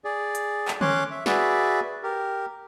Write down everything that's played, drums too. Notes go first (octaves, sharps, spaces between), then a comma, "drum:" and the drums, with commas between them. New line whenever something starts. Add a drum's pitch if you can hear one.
G#4 D5
drum: hi-hat
drum: clap
C#4 C#5 C6 D6 F#6, drum: tom D3
E5
F#4 G#4 B4 D5 E5, drum: snare
G4 A#4